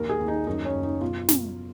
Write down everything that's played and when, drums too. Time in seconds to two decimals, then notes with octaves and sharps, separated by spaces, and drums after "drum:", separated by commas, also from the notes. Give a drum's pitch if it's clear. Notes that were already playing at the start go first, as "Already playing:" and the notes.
Already playing: A#1 D#2 D#3 A#4
0.09 G#4
0.20 D#2
0.28 D#4
0.47 F#2 D#4
0.65 C#4
0.75 F#1
0.83 D#4
1.01 B2 F4
1.29 B2, drum: snare